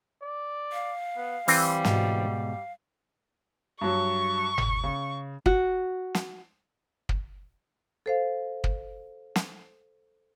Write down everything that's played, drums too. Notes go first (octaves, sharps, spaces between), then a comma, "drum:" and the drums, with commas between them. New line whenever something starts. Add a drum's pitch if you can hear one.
D5
F5
B3
E3 G3 C4, drum: open hi-hat
G#2 B2, drum: snare
G2 F#3 C#6
drum: tom G1
C#3
F#4, drum: kick
drum: snare
drum: kick
A4 C5 F5
drum: kick
drum: snare